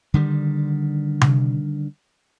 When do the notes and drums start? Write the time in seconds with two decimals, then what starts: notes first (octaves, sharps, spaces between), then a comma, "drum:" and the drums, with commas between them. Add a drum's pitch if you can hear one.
0.14 D3 D#3 G3
1.21 drum: tom C3